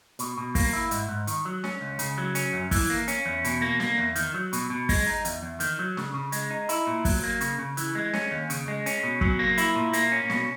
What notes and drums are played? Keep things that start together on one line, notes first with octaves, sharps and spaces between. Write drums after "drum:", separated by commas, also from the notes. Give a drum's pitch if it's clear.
B2, drum: hi-hat
B2
A#3, drum: kick, open hi-hat
E4
G#2, drum: hi-hat
G#2
D#3, drum: hi-hat
F#3
C#4, drum: snare
C#2
C#3, drum: hi-hat
F#3
C#4, drum: hi-hat
F#2
E3, drum: kick, open hi-hat
A#3
C#4, drum: hi-hat
E2
B2, drum: hi-hat
A#3
A#3, drum: snare
E2
D#3, drum: hi-hat
F#3
B2, drum: hi-hat
B2
G#3, drum: kick, open hi-hat
D#4
E2, drum: hi-hat
E2
D#3, drum: hi-hat
F#3
C#3, drum: snare
C#3
G#3, drum: hi-hat
D#4
E4, drum: hi-hat
A#2
F#3, drum: kick, open hi-hat
A#3
C#3, drum: hi-hat
C#3
E3, drum: hi-hat
G#3
C#4, drum: snare
D#2
C#3, drum: hi-hat
G#3
C#4, drum: hi-hat
B2
F#3, drum: kick
A#3
E4, drum: hi-hat
A#2
A#3, drum: hi-hat
C#4
B2, drum: snare